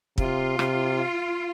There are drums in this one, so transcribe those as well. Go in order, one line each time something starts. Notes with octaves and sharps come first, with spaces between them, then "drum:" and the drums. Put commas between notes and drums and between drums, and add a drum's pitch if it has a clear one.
C3 F4, drum: kick
C3, drum: rim click